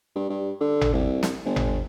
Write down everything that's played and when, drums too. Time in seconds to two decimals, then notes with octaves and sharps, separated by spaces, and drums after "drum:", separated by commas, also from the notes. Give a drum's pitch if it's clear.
0.16 G2
0.29 G2
0.61 D3
0.81 drum: tom G#1
0.93 C2
1.23 drum: snare
1.45 G1
1.56 drum: tom G#1